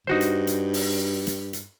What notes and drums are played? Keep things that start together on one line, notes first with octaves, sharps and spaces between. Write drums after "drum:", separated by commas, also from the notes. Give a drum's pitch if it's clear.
G2 D#4 F#4 C5
drum: hi-hat
drum: hi-hat
drum: open hi-hat
drum: hi-hat
drum: hi-hat